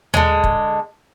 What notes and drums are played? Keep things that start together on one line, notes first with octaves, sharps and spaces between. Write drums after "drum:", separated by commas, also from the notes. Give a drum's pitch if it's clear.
D3 G#3, drum: tom D#2
drum: kick